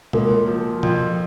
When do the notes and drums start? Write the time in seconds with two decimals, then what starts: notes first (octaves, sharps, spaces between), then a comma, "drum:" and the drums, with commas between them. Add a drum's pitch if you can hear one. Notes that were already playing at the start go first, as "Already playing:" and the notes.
0.13 C#2 A#3 A#4, drum: tom B2
0.48 F3
0.83 F2, drum: tom B2